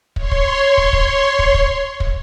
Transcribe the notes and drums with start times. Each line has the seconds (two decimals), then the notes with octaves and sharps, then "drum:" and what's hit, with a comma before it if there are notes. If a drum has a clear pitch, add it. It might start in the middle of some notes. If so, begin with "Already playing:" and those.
0.16 C#5 C6, drum: kick
0.31 drum: kick
0.78 drum: kick
0.93 drum: kick
1.39 drum: kick
1.54 drum: kick
2.00 drum: kick